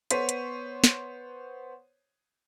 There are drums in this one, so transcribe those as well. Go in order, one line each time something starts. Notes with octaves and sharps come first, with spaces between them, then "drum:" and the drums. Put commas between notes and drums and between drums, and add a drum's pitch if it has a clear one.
B3 C5 C#5 B6 D#7, drum: hi-hat
drum: hi-hat
drum: snare